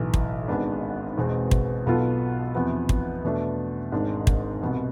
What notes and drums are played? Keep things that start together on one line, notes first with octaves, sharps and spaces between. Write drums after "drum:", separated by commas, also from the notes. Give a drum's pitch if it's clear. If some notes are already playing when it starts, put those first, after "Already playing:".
Already playing: B1 A2 E3
drum: kick
G#1 G#2 G#3 B3 D4
E1 E2 B2 G#3 C4
drum: kick
B1 B2 B3 F4 A4
E2 C3 F3 B3
drum: kick
E2 B2 A3 D4
G#1 G#2 G#3 D4
drum: kick
C2 B2 B3